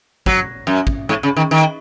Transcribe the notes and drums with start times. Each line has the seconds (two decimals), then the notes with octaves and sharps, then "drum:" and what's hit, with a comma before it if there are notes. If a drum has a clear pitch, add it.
0.26 F#3, drum: kick
0.67 F#2
0.87 drum: kick
1.09 G#2
1.23 C#3
1.37 D#3
1.51 D#3